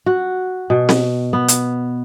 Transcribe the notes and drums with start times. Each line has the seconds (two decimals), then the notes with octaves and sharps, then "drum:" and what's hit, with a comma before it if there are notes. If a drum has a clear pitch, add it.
0.06 F#4
0.70 B2
0.89 drum: snare C4
1.33 B3
1.48 drum: hi-hat